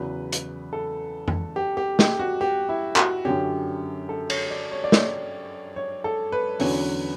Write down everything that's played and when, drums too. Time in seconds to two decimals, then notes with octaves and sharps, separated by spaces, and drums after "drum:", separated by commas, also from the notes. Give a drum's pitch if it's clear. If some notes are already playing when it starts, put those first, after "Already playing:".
Already playing: E2 C#3 F#3 B4
0.32 drum: hi-hat
0.73 A4
1.28 drum: tom F2
1.56 G4
1.77 G4
1.99 G4, drum: snare
2.19 F#4
2.41 G4
2.69 E4
2.96 F#4, drum: clap
3.25 F#2 D3 F#3 C#4 G4
4.09 A4
4.30 C#5, drum: cymbal
4.50 D5
4.72 C#5
4.84 D5
4.92 C#5, drum: snare
5.76 C#5
6.04 A4
6.32 B4
6.60 E2 D3 F#3 C#4, drum: open hi-hat